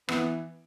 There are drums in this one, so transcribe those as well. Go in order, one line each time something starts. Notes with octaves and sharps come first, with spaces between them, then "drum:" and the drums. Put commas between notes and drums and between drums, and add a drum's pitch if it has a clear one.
E3 B3, drum: rim click